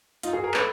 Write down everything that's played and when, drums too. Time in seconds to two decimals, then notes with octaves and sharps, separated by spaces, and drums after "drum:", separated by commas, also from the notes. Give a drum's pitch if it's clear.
0.23 D#4 F4, drum: hi-hat
0.33 F#4 G#4
0.44 G#4 A#4
0.54 A4 B4, drum: clap